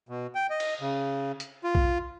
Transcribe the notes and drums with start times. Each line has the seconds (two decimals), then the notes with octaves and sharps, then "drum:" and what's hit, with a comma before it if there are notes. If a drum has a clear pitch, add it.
0.09 B2
0.35 G5
0.50 D#5
0.60 drum: cymbal
0.81 C#3
1.40 drum: hi-hat
1.64 F4
1.75 drum: kick B1